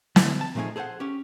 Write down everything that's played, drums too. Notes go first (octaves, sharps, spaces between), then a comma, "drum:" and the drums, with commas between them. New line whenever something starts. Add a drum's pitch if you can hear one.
D3 F3 E4, drum: snare
A5
A#2 F3 A3 C4 D#4 G#4
G#4 A4 C5 C#5 F#5
C#4 G4